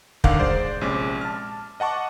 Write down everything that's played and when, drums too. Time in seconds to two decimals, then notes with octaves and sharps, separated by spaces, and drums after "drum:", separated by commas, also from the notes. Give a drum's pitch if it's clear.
0.24 G1 D3 D#3 F5 F#5 D6, drum: kick
0.39 G#3 C5 D5
0.81 A#1 C3 G#3 C#4 D6
1.21 A5 F6
1.80 D#5 F#5 A5 C#6 D6